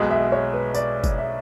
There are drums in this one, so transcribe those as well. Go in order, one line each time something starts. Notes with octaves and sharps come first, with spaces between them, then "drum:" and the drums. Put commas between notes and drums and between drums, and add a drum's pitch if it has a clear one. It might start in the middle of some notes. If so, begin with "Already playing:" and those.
Already playing: B1 B2 G#3
E5
C#5
B4
D5, drum: tambourine
drum: kick, tambourine
E5